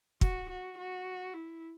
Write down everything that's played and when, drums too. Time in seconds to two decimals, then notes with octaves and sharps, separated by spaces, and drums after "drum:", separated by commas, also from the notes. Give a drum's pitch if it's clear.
0.21 F#4, drum: kick
0.49 F#4
0.78 F#4
1.34 E4